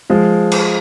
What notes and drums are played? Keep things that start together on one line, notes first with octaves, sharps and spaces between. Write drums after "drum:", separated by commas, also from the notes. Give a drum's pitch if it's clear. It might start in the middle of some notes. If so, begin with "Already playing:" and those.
F3 G#3
drum: cymbal